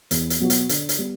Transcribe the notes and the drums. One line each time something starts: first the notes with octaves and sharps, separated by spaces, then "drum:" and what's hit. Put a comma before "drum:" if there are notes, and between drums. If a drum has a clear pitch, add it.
E2, drum: hi-hat
drum: hi-hat
B2 F#3 B3 F#4
drum: hi-hat
D3, drum: hi-hat
drum: hi-hat
G3 B3